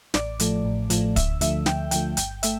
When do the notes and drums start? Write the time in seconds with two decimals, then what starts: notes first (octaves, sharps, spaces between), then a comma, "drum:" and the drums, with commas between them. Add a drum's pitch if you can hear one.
0.14 A1 D5, drum: snare
0.40 A2 F3 A3, drum: hi-hat
0.65 A1
0.90 A2 F3 A3, drum: hi-hat
1.16 D2 E5, drum: kick, hi-hat
1.41 D3 F3 A3 E5, drum: hi-hat
1.66 D2 G5, drum: snare
1.91 D3 F3 A3 G5, drum: hi-hat
2.17 G1 G5, drum: hi-hat
2.43 A3 E5, drum: hi-hat